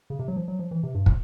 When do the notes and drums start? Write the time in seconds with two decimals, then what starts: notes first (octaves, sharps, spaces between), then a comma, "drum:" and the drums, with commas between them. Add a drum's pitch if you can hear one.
0.10 C#3
0.19 C3
0.28 F#3
0.36 F3
0.48 F#3
0.59 F3
0.71 E3
0.83 C3
0.95 G2
1.06 drum: kick